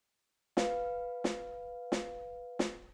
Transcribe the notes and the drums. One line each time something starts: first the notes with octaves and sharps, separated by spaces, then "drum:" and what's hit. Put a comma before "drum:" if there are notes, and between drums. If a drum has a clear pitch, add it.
B4 F5, drum: snare
drum: snare
drum: snare
drum: snare